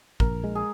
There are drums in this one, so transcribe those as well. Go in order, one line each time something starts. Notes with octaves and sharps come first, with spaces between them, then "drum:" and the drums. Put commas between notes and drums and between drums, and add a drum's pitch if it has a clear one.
A#1 A#4, drum: kick A1
G#3
G#4